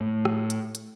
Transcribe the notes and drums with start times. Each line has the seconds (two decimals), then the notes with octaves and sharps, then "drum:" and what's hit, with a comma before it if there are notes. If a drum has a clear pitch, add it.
0.01 A2
0.25 drum: rim click
0.50 drum: hi-hat
0.75 drum: hi-hat